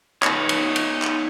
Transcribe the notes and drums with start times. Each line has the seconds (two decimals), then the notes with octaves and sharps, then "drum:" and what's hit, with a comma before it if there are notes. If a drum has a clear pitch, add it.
0.23 D#4 C#5, drum: clap
0.49 drum: cymbal
0.76 drum: cymbal
1.02 drum: clap